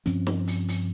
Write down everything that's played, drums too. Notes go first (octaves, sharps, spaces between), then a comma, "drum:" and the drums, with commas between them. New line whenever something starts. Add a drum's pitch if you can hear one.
G2 F3 C4 C#4, drum: hi-hat
drum: snare
drum: open hi-hat
drum: open hi-hat